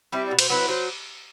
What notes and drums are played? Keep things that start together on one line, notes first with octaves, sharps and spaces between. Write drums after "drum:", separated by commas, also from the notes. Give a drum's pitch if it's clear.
G3 C4 E4 E5
B2 D5
C5, drum: cymbal
F#3 C4 E4 B4
F#3 C5